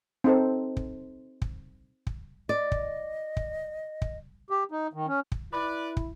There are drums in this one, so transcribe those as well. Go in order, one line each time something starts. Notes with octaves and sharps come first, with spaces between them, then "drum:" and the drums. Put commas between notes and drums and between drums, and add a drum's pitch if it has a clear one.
C4 D#4 A4 C5
drum: kick
drum: kick
drum: kick
D5 D#5
drum: kick
drum: kick
drum: kick
G4
D#4
D#3
C#4
drum: kick
E4 B4 D5 B5
drum: kick